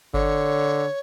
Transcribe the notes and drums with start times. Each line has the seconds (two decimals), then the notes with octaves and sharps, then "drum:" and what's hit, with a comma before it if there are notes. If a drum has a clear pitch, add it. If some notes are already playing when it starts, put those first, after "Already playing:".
0.14 D3 C#5, drum: kick G1